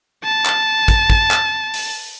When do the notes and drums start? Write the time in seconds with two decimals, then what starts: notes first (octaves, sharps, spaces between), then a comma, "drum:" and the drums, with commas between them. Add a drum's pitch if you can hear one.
0.24 A5
0.46 drum: clap
0.88 drum: kick, hi-hat
1.10 drum: kick
1.31 drum: clap
1.74 drum: open hi-hat